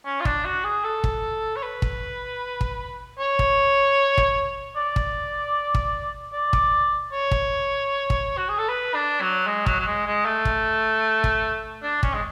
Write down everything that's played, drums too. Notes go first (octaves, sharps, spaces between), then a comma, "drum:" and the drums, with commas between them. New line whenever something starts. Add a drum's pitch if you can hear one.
C#4
F4
D4, drum: kick
F#4
G#4
A4
drum: kick
C#5
B4
drum: kick
drum: kick
C#5
drum: kick
drum: kick
D5
drum: kick
drum: kick
D5
drum: kick
C#5
drum: kick
drum: kick
F#4
G#4
A4
B4
D4
F#3
G#3
F#3, drum: kick
F#3
G#3
G#3
A3
drum: kick
drum: kick
D4
C#4, drum: kick
G#3